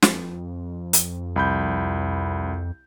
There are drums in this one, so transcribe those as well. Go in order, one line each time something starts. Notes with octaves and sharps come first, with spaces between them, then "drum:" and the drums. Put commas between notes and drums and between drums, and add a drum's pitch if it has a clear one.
F2, drum: snare
drum: hi-hat
C2 B5 G6